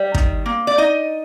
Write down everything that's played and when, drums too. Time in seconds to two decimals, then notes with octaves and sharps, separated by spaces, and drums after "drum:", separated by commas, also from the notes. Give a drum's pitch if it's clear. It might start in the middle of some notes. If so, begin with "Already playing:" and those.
Already playing: G3
0.14 D#3, drum: kick
0.46 A#3
0.67 D5
0.78 D#4 D#5